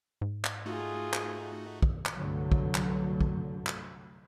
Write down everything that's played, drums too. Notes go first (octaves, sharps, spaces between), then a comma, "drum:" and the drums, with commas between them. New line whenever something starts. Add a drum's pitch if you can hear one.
G#2
drum: clap
A3 D#4 F4 F#4 G#4
drum: clap
drum: kick
drum: clap
C2 G2 D3 F#3 A3
drum: kick
drum: clap
drum: kick
drum: clap